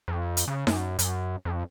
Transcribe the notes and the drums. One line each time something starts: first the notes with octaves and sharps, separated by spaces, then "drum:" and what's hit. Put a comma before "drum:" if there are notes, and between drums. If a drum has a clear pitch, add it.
F2
drum: hi-hat
C#3
F#2, drum: snare D#4
F#2, drum: hi-hat
F2